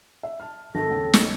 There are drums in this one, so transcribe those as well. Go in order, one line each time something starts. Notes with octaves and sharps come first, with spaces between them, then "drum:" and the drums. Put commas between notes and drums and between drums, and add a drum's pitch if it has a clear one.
E5
A5 F6
G#1 A4 A5 A#6
D#2 C#3 G5
drum: snare